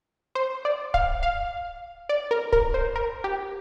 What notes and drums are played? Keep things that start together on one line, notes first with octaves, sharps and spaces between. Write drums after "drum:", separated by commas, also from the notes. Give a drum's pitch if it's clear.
C5
D5
F5, drum: kick
F5
D5
A#4
A#4, drum: kick
C5
A#4
G4